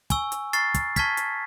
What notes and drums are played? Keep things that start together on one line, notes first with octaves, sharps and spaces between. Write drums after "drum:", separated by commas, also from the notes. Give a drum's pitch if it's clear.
G#5 C#6 E6, drum: kick, hi-hat
drum: hi-hat
A#5 C#6 F6 A6 C7, drum: hi-hat
drum: kick, hi-hat
A5 C#6 F6 G#6 B6, drum: kick, hi-hat
drum: hi-hat